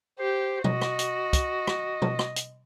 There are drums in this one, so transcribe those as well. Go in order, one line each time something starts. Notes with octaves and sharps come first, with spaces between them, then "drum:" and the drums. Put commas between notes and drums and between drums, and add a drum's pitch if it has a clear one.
G4 C5
F#4 D#5, drum: tom B2
drum: rim click
drum: hi-hat
drum: kick, hi-hat
drum: rim click
drum: tom B2
drum: rim click
drum: hi-hat